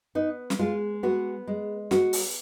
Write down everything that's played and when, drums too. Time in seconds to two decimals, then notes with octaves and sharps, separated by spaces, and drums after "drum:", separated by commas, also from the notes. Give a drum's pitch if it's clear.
0.15 B3 D#4
0.50 drum: snare
0.59 G#3 F4
1.03 B3 F#4
1.47 G#3
1.91 B3 F#4, drum: snare
2.13 drum: open hi-hat